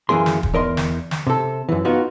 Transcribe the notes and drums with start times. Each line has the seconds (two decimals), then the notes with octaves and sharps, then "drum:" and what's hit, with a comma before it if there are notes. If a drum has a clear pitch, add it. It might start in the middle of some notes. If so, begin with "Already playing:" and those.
0.09 F#2 E3 A#3 G#4 C6
0.26 drum: snare
0.43 drum: kick
0.54 E2 A#4 D#5 C6
0.77 drum: snare
1.11 drum: snare
1.27 C3 A4
1.69 F#2 E3
1.85 B3 D#4 F4 F#4